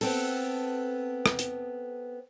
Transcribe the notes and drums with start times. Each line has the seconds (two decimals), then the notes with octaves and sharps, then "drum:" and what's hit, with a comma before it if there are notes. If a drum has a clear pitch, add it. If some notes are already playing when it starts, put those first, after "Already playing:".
0.01 B3 C4 A4, drum: open hi-hat
1.26 drum: rim click
1.39 drum: hi-hat